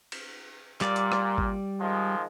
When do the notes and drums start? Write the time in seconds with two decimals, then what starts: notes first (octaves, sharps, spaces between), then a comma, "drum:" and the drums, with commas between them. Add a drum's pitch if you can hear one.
0.12 drum: cymbal
0.81 A#2 G3 D5, drum: clap
0.96 drum: hi-hat
1.12 drum: rim click
1.38 drum: kick G#1
1.80 D#3 F3 G#3